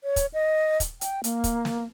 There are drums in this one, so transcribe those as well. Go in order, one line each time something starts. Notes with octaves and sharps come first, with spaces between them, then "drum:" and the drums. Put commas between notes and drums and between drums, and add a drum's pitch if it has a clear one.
C#5
drum: kick, hi-hat
D#5
drum: kick, hi-hat
G5, drum: hi-hat
A#3, drum: hi-hat
drum: kick, hi-hat
drum: snare